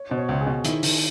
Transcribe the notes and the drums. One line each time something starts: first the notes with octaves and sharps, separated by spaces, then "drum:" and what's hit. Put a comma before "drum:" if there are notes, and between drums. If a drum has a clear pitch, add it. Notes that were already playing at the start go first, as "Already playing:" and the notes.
Already playing: C#5
B2 C5
C#5
C#2
G#4
B2
D#3 E4, drum: hi-hat
D#3, drum: open hi-hat